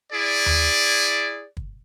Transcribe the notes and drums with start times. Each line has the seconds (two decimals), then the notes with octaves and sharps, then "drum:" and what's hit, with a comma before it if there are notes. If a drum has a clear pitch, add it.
0.12 E4 G#4 D5
0.46 drum: tom D#2
1.57 drum: kick